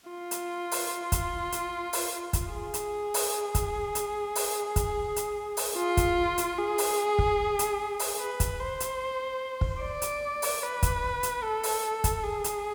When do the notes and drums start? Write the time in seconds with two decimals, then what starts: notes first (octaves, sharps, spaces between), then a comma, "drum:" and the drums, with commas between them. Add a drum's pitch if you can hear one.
0.11 F4
0.31 drum: hi-hat
0.71 drum: open hi-hat
1.12 drum: kick, hi-hat
1.52 drum: hi-hat
1.93 drum: open hi-hat
2.33 drum: kick, hi-hat
2.53 G#4
2.74 drum: hi-hat
3.14 drum: open hi-hat
3.55 drum: kick, hi-hat
3.95 drum: hi-hat
4.35 drum: open hi-hat
4.76 drum: kick, hi-hat
5.16 drum: hi-hat
5.57 drum: open hi-hat
5.77 F4
5.97 drum: kick, hi-hat
6.38 drum: hi-hat
6.58 G#4
6.78 drum: open hi-hat
7.19 drum: kick
7.59 drum: hi-hat
7.99 drum: open hi-hat
8.20 B4
8.40 drum: kick, hi-hat
8.60 C5
8.80 drum: hi-hat
9.61 drum: kick
9.81 D5
10.02 drum: hi-hat
10.42 drum: open hi-hat
10.63 B4
10.83 drum: kick, hi-hat
11.23 drum: hi-hat
11.43 A4
11.63 drum: open hi-hat
12.04 drum: kick, hi-hat
12.23 G#4
12.44 drum: hi-hat